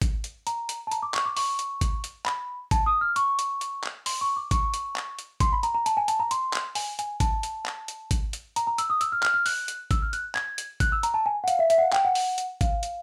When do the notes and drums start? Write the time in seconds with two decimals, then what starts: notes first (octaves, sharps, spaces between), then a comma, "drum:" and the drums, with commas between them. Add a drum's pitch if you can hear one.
0.02 drum: kick G#1, hi-hat
0.24 drum: hi-hat
0.47 A#5, drum: hi-hat
0.69 drum: hi-hat
0.87 A5
0.91 A#5, drum: hi-hat
1.03 D6
1.14 C#6, drum: clap
1.25 D6
1.37 C#6, drum: open hi-hat
1.59 drum: hi-hat
1.81 drum: kick G#1, hi-hat
2.04 drum: hi-hat
2.26 B5, drum: clap
2.71 A5, drum: kick G#1, hi-hat
2.86 D#6
3.01 F6
3.16 C#6, drum: hi-hat
3.39 drum: hi-hat
3.61 drum: hi-hat
3.84 drum: clap
4.06 C6, drum: open hi-hat
4.21 C#6
4.36 D6
4.51 C#6, drum: kick G#1, hi-hat
4.74 drum: hi-hat
4.96 drum: clap
5.19 drum: hi-hat
5.40 C6, drum: kick G#1, hi-hat
5.53 B5
5.63 A#5, drum: hi-hat
5.74 A#5
5.86 A5, drum: hi-hat
5.97 G#5
6.08 A5, drum: hi-hat
6.20 A#5
6.31 C6, drum: hi-hat
6.53 drum: clap
6.75 G#5, drum: open hi-hat
6.99 G#5, drum: hi-hat
7.20 A5, drum: kick G#1, hi-hat
7.43 drum: hi-hat
7.66 drum: clap
7.88 drum: hi-hat
8.11 drum: kick G#1, hi-hat
8.33 drum: hi-hat
8.56 A#5, drum: hi-hat
8.67 A#5
8.78 E6, drum: hi-hat
8.90 D#6
9.01 E6, drum: hi-hat
9.12 F6
9.23 F6, drum: clap
9.34 F6
9.46 F#6, drum: open hi-hat
9.68 drum: hi-hat
9.91 E6, drum: kick G#1, hi-hat
10.02 F6
10.13 F#6, drum: hi-hat
10.35 G#6, drum: clap
10.58 drum: hi-hat
10.80 F#6, drum: kick G#1, hi-hat
10.92 E6
11.03 A#5, drum: hi-hat
11.14 A5
11.26 G#5
11.44 F#5
11.48 F5, drum: hi-hat
11.59 E5
11.70 E5, drum: hi-hat
11.78 F#5
11.81 F5
11.93 G5, drum: clap
12.05 F#5
12.15 drum: open hi-hat
12.38 drum: hi-hat
12.61 F5, drum: kick G#1, hi-hat
12.83 drum: hi-hat